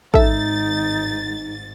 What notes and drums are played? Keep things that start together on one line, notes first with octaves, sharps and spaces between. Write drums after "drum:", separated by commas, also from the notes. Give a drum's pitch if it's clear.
G#1 G#2 D#4 A4 E5 A6, drum: kick A1